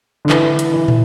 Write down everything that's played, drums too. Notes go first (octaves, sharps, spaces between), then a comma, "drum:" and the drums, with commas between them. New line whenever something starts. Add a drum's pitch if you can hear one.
D3
E3, drum: clap
drum: hi-hat
E3
drum: tom